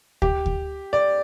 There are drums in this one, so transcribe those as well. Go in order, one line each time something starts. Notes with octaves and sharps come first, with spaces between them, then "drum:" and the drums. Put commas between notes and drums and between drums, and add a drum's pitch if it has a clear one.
G4, drum: kick D2
drum: kick D2
D5